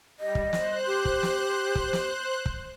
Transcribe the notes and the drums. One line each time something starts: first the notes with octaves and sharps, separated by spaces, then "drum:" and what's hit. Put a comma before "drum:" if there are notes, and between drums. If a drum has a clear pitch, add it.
G3 D#5
drum: kick
C5 F#6, drum: snare
G4
drum: kick
drum: snare
drum: kick
drum: snare
drum: kick